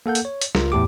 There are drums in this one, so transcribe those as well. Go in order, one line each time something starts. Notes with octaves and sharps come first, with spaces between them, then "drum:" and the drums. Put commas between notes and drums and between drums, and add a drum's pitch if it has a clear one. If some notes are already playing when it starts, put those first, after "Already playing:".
A#3 A4 F#5 G6
drum: hi-hat
C#5
drum: hi-hat
C#2 F4 A#4, drum: snare
E2 A2 G4 D6